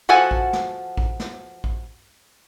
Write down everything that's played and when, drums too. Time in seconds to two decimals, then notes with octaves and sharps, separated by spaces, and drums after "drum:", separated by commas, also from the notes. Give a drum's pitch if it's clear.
0.09 F3 F#4 A4 F#5 G#5
0.31 drum: kick
0.53 drum: snare
0.97 drum: kick
1.20 drum: snare
1.64 drum: kick